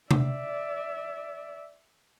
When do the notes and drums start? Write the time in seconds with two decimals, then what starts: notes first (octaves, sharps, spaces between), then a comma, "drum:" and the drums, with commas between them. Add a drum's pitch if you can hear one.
0.11 D5 E5, drum: tom C3